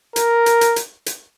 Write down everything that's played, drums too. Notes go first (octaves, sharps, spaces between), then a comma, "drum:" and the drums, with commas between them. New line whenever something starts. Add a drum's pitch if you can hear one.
A#4, drum: hi-hat
drum: hi-hat
drum: hi-hat
drum: hi-hat
drum: hi-hat